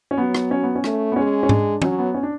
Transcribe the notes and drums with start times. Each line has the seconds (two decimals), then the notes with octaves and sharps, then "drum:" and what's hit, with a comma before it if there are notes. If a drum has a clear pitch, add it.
0.11 C#4
0.18 F#3 B3
0.35 drum: rim click
0.51 C#4
0.63 B3
0.75 C#4
0.84 A3, drum: rim click
1.12 B3
1.16 G#3 C#4
1.43 C#4
1.49 D4, drum: tom G#2
1.82 F#3 C#4, drum: tom
1.99 B3
2.14 C#4
2.23 D4